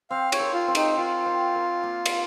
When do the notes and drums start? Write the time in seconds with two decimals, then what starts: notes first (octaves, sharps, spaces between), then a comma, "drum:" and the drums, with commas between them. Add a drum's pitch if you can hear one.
0.10 C4 F5
0.32 C#5, drum: cymbal
0.40 A#4
0.54 F4
0.68 C4
0.75 D#4, drum: cymbal
0.97 F4 A#4
1.26 C4
1.55 A#4
1.83 A#3
2.06 drum: cymbal